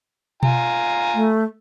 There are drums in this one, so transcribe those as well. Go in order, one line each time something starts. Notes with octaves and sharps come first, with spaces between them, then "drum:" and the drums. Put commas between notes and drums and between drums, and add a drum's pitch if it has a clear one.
F4 G#5 A#5, drum: tom B2
A3